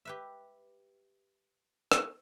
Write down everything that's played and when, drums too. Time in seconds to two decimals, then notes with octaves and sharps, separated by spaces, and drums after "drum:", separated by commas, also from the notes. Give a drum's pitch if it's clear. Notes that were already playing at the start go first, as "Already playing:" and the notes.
0.05 G4 B4 E5
1.92 drum: rim click